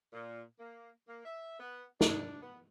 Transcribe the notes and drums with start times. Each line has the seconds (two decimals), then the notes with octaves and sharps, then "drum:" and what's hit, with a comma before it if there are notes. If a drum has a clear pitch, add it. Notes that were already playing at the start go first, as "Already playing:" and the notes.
0.13 A#2
0.59 A#3
1.08 A#3
1.25 E5
1.60 B3
2.01 D4, drum: snare
2.42 B3